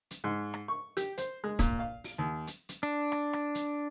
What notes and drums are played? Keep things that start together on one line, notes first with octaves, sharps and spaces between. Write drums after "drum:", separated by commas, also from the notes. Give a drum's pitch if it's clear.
drum: hi-hat
G#2
drum: rim click
C#6
G4, drum: hi-hat
C5, drum: hi-hat
G#3
A#2, drum: kick, hi-hat
F5
drum: open hi-hat
D#2
drum: hi-hat
drum: hi-hat
D4
drum: rim click
drum: rim click
drum: hi-hat